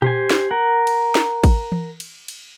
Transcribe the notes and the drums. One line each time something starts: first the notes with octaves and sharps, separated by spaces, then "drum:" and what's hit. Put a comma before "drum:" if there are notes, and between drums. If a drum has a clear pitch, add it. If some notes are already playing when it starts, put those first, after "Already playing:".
G4 C5 G#5, drum: tom A#2
drum: snare
A#4 F#5
drum: cymbal
drum: snare
drum: kick, cymbal
drum: tom E3
drum: cymbal
drum: cymbal